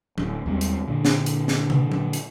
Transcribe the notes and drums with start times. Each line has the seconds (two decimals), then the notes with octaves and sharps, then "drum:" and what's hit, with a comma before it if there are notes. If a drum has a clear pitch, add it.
0.18 D1, drum: tom F#3
0.46 D#2 G3 G#3 C4
0.61 drum: hi-hat
0.88 A#2 D3
1.05 drum: snare
1.26 drum: hi-hat
1.48 drum: snare
1.70 drum: tom
1.92 drum: tom F#3
2.13 drum: hi-hat